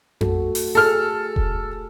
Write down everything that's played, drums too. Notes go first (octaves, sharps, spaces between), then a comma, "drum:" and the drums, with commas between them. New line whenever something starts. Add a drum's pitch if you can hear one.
A3 F#4 A4, drum: tom F2
drum: open hi-hat
G#4 A4 F6
drum: kick E1